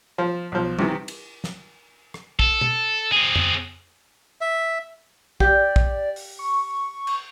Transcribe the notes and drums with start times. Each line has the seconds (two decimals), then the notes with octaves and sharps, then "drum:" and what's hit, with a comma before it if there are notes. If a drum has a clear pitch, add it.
0.18 F3
0.52 B1 F3
0.79 C3 D#3 E3, drum: tom
1.08 drum: cymbal
1.44 drum: snare
2.14 drum: rim click
2.39 A4, drum: kick
2.61 drum: tom
3.12 C4 G#4
3.36 drum: tom F2
4.41 E5
5.40 G4 D5, drum: kick
5.76 drum: kick
6.16 drum: open hi-hat
6.39 C#6
7.07 drum: cymbal